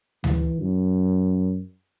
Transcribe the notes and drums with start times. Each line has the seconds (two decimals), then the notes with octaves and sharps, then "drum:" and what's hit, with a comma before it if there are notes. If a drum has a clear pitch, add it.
0.24 E3, drum: tom D2
0.60 F#2